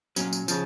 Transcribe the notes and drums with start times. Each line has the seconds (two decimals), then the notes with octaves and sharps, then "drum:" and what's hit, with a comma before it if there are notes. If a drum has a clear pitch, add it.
0.16 A#2 F#3 C#4, drum: tambourine
0.33 drum: tambourine
0.48 C#3 F3, drum: tambourine